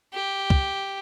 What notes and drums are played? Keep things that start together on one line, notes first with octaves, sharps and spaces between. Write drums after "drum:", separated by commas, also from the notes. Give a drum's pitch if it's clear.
G4
drum: kick